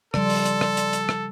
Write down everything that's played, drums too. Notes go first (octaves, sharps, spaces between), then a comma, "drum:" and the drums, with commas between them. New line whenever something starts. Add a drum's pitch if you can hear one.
C#3 F3 G3 A4 D5 C6, drum: rim click
drum: open hi-hat
drum: hi-hat
drum: rim click
drum: hi-hat
drum: hi-hat
drum: rim click